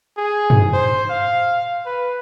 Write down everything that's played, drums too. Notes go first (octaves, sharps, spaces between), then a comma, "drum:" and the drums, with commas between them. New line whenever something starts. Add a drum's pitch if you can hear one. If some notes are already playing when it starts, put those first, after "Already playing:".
G#4
drum: tom
C5
F5
B4